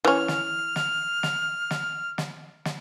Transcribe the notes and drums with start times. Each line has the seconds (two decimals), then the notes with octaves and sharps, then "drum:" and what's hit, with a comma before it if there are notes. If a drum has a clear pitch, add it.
0.05 E3 C#4 F6
0.28 drum: snare
0.76 drum: snare
1.23 drum: snare
1.71 drum: snare
2.18 drum: snare
2.65 drum: snare